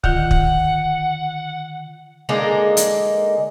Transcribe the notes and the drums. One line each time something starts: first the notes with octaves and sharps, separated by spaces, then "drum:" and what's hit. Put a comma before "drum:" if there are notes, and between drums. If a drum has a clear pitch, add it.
D3 D#3 F4 F#5, drum: kick
drum: kick
D3 G#3 A#3 D#4
drum: hi-hat